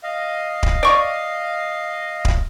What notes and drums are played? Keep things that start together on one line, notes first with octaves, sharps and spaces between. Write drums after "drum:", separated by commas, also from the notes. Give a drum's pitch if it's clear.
D#5 F5
drum: kick D1
D5 C#6
drum: kick D1